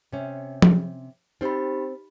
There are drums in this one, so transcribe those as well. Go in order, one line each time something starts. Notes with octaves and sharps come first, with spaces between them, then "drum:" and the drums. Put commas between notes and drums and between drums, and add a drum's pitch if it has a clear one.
C3 C#4
drum: tom F3
C4 D#4 G4 C5 B5